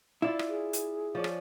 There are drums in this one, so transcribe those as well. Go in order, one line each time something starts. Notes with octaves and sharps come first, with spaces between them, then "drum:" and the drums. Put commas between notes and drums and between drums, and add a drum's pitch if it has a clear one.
E4 F4 D5 F5
drum: rim click
G#4
drum: hi-hat
F3 C#4 D5
drum: rim click